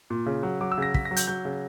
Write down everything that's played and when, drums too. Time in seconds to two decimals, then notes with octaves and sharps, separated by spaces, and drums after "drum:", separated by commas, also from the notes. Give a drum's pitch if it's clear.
0.10 A#2
0.26 C#3
0.43 F#3
0.61 F#3 D6
0.72 E6
0.78 C#3 A#6
0.94 C#3 B6, drum: kick
1.05 A#6
1.11 F#3
1.16 G6, drum: hi-hat
1.27 F#3 G6
1.45 C#3